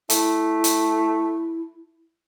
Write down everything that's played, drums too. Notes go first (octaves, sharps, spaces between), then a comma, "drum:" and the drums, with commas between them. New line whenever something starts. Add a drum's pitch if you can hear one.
A3 E4, drum: hi-hat
drum: hi-hat